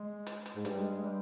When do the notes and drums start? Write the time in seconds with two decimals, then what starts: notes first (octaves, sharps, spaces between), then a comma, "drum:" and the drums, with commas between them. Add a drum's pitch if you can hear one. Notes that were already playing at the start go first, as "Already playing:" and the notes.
Already playing: G#3
0.27 drum: hi-hat
0.46 drum: hi-hat
0.56 G#2
0.65 G2 G3, drum: hi-hat
0.77 G#3
0.91 G#3
1.03 G3